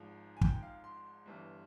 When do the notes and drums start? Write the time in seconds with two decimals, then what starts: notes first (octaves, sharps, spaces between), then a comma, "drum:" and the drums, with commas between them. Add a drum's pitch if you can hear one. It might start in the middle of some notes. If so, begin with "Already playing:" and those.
Already playing: G#1 G#2 F3
0.37 G#5
0.41 G5, drum: kick
0.63 F5
0.84 C6
1.26 G1 G2 E3